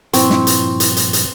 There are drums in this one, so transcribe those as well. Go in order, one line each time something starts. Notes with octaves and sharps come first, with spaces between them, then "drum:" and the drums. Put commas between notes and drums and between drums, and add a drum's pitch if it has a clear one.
G2 A#2 F3 C4 E4 C#6, drum: hi-hat
drum: snare
drum: hi-hat
drum: hi-hat
drum: hi-hat
drum: hi-hat